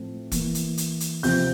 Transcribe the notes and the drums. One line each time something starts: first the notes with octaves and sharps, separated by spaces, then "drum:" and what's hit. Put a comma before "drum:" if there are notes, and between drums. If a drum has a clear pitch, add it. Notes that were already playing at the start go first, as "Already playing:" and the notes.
Already playing: A2 F3 A3 C4
E3 A#3, drum: kick E1, hi-hat
drum: hi-hat
drum: hi-hat
drum: hi-hat
C3 F3 C4 G6, drum: open hi-hat